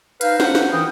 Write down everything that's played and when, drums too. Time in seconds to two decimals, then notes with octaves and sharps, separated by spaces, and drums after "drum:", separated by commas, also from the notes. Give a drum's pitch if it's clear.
0.21 D#4 B4 C5 F5, drum: hi-hat
0.40 B4 C5 F#5, drum: snare
0.55 drum: snare
0.73 E3 E4 A#4 G5 D#6